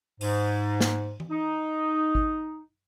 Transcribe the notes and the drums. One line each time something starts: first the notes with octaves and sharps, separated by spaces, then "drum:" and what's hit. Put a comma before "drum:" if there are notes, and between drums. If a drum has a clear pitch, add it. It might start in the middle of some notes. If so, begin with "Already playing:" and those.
G#2, drum: open hi-hat
drum: snare
drum: tom E3
D#4
drum: kick G#1